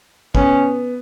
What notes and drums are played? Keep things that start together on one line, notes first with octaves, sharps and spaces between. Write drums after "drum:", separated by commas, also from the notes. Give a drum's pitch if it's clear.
B3 C#4, drum: kick